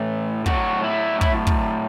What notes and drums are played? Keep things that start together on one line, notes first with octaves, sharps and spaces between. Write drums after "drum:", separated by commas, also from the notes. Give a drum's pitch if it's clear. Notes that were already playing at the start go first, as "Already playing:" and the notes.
Already playing: A2 E3 A4
A2 F#3 F#4, drum: kick
E4
E4, drum: kick
drum: kick